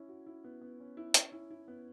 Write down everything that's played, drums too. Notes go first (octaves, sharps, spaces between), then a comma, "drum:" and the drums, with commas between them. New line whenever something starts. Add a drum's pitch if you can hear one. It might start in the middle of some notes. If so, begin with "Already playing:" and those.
Already playing: C#4 E4
F#4
E4
B3
B3
C#4
E4
C#4, drum: hi-hat
E4
E4
B3